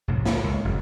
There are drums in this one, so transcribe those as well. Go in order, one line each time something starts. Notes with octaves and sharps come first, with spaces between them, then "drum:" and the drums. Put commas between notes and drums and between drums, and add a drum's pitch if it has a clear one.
C2 A2 C#3 F3
A2, drum: snare
C#2
F#1 F2 C#3